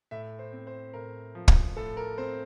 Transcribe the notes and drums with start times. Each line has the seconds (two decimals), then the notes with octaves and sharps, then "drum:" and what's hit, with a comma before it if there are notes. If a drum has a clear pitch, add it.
0.11 A2 E5
0.39 C5
0.53 C4
0.67 C5
0.94 A2 A#4
1.35 F3
1.48 drum: kick
1.76 A2 A4
1.97 A#4
2.18 C4 C5